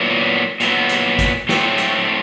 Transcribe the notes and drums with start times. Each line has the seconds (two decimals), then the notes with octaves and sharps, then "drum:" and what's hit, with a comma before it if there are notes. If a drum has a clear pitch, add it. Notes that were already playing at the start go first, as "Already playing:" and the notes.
Already playing: A#2 F#3 B3 E4
0.60 A#2 F#3 B3 E4, drum: hi-hat
0.89 drum: hi-hat
1.19 drum: kick, hi-hat
1.49 A2 F#3 A3 C4, drum: snare
1.78 drum: hi-hat